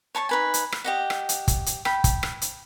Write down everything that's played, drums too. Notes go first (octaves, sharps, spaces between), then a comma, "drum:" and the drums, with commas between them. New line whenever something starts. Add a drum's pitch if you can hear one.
C#5 A5 C6 C#6
D#4 B4 G#5
drum: hi-hat
drum: rim click
G4 D#5 F#5
drum: rim click
drum: hi-hat
drum: kick, hi-hat
drum: hi-hat
G5 B5, drum: rim click
drum: kick, hi-hat
drum: rim click
drum: hi-hat